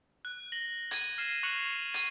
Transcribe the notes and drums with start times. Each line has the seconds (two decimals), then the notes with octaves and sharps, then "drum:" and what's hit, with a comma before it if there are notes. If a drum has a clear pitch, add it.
0.25 F#6
0.52 A#6 F#7 G7
0.91 G#6 D#7, drum: hi-hat
1.18 F6 C7 E7
1.43 C#6 F#6 C#7 F7 F#7
1.94 D#7, drum: hi-hat